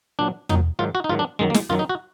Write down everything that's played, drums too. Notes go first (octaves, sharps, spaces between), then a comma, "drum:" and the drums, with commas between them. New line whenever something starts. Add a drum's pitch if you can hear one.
A#2 F#3 D4
A#2 F#3 D#4, drum: tom E2
G#2 D#3 F#3 F4
F#4
D#4
G#2 D#3 F#3 F4
D4
F#2 D#3 F#3 G#3
A#3
G#3, drum: snare
F#2 D#3 F#3 F4
D#4
F#4